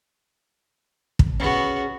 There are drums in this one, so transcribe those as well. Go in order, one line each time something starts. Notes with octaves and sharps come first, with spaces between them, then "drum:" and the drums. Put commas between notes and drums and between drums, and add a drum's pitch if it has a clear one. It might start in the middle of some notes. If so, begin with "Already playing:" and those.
drum: kick
B3 C#4 F#4 G#4